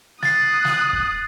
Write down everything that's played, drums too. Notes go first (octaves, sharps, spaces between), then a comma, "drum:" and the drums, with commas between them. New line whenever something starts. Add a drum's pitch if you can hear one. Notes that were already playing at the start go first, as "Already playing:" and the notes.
D#6 F#6 A6 C7, drum: snare
drum: snare
drum: kick